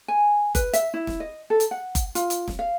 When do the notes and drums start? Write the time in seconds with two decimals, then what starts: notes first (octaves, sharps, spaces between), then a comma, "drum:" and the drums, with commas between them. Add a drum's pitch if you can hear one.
0.08 G#5
0.55 B4, drum: kick F#1, hi-hat
0.73 E5, drum: hi-hat
0.94 E4
1.07 drum: snare
1.20 D#5
1.50 A4
1.60 drum: hi-hat
1.71 F#5
1.95 drum: kick F#1, hi-hat
2.15 F4, drum: hi-hat
2.30 drum: hi-hat
2.48 drum: snare
2.59 F5